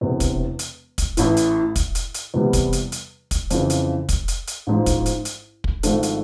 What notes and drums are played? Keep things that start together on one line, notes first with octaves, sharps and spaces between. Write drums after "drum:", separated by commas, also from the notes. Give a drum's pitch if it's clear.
E1 E2 C3
drum: kick, hi-hat
drum: hi-hat
drum: kick, hi-hat
A1 A2 E3, drum: hi-hat
drum: hi-hat
drum: kick, hi-hat
drum: hi-hat
drum: hi-hat
E2 C3 E3 G3 B3
drum: kick, hi-hat
drum: hi-hat
drum: hi-hat
drum: kick, hi-hat
F2 C#3 E3, drum: hi-hat
drum: hi-hat
drum: kick, hi-hat
drum: hi-hat
drum: hi-hat
A1 G#2 F3
drum: kick, hi-hat
drum: hi-hat
drum: hi-hat
drum: kick
G#1 G#2 F3 A3 D4, drum: hi-hat
drum: hi-hat